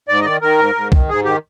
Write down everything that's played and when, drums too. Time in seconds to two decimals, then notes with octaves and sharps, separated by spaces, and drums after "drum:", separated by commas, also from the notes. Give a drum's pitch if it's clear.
0.09 G#2 D5
0.21 D#5
0.25 D#3 D5
0.41 D#3 A#4
0.58 G#2
0.75 G#2
0.92 D#3, drum: kick C2
1.09 G#2 G#4
1.25 D#3 G4